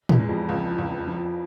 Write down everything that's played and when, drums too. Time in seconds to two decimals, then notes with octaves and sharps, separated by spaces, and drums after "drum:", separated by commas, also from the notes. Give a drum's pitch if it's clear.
0.09 E2 E3, drum: tom A2
0.19 G#3
0.29 F2 F3
0.49 C#2
0.78 C#2
1.07 F3